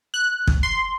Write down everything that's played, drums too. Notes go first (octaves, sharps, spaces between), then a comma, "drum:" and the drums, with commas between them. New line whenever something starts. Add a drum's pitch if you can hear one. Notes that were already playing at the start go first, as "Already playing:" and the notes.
F#6
drum: kick
C6